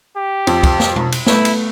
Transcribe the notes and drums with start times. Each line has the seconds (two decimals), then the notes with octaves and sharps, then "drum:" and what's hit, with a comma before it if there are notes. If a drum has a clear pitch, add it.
0.17 G4
0.47 F2, drum: cymbal
0.63 drum: kick, cymbal
0.80 drum: snare
0.96 drum: tom B2
1.12 drum: cymbal
1.26 A3 B3 E4, drum: snare
1.45 drum: cymbal